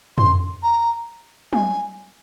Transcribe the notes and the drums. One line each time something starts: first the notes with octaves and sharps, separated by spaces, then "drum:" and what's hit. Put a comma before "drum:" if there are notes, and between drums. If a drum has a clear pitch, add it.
C6, drum: tom
A#5
G#5, drum: tom